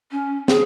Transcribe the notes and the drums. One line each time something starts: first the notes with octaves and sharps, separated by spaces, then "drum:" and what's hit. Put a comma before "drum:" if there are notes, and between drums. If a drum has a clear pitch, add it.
C#4
G#4, drum: snare